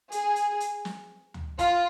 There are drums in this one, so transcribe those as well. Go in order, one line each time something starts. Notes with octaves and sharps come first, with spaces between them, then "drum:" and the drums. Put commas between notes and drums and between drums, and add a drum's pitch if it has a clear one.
G#4, drum: hi-hat
drum: hi-hat
drum: hi-hat
drum: snare
drum: tom D2
F4, drum: kick, hi-hat